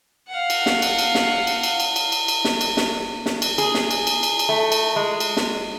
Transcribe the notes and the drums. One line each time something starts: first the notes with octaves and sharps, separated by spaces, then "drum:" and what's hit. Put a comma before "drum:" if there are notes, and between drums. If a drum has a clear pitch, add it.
F5 F#5
drum: cymbal
drum: snare
drum: cymbal
drum: cymbal
drum: snare
drum: cymbal
drum: cymbal
drum: cymbal
drum: cymbal
drum: cymbal
drum: cymbal
drum: snare
drum: cymbal
drum: snare
drum: snare
drum: cymbal
G#4, drum: cymbal
drum: snare
drum: cymbal
drum: cymbal
drum: cymbal
drum: cymbal
A3
drum: cymbal
G#3
drum: cymbal
drum: snare